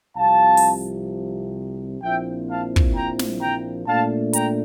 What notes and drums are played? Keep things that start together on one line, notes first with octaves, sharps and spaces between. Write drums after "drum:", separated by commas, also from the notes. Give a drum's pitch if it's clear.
C2 C3 F3 F5 A5
drum: open hi-hat
A#1 A#2 F3 C4 E4 E5 G5
F5 A5
drum: kick
G5 A#5
drum: snare
G5 A#5
A#2 A3 D4 F5 A5
G5 A#5, drum: hi-hat